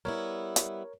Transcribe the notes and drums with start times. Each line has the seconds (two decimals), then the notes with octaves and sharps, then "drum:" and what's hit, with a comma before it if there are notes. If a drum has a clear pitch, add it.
0.05 G3 B3 E4 A#4 C#5
0.56 drum: hi-hat